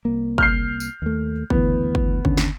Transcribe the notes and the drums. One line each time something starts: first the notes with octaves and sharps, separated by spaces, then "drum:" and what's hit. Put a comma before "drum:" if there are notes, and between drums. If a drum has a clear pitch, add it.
C2 A#3
F6 G6 C7, drum: kick G1
drum: tambourine
D#2 A3
F#1 D2 E3 B3, drum: kick G1
drum: kick G1
D#2 D3 C#4, drum: kick G1
drum: snare